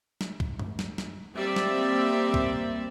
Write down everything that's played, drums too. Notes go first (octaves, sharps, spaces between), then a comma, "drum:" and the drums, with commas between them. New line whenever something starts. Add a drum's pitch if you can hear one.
drum: snare
drum: kick
drum: tom F#2
drum: snare
drum: snare
G3 A#3 C4 D5 E5
drum: snare
drum: kick